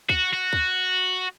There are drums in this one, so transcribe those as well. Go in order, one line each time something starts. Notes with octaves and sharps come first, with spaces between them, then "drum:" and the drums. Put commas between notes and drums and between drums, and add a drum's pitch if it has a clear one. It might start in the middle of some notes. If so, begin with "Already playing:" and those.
F#4, drum: kick C#2
F#4
drum: kick C#2